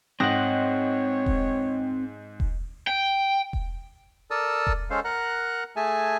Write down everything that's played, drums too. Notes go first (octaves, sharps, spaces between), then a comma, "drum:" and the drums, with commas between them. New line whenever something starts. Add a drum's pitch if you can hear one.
G#2 C4 C#5 D#5 F#5 G5 A#6
drum: kick E1
drum: kick E1
G5
drum: kick E1
A4 A#4 D5 A5 D#6 E6
drum: kick E1
G#3 C#4 A4 C5 F5
A#4 F#5 A#5 F#6
A3 G#4 E5 G#5 A5